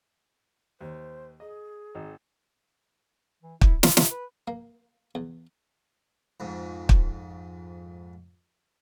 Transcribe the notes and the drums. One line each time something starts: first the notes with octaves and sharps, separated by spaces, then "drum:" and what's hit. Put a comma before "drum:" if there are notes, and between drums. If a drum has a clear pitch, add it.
D#2 C5
G#4 D#5
G#1 D#4
E3
E4, drum: kick
F4, drum: snare
C3, drum: snare
B4
A#3
E2
F2 G#2
drum: kick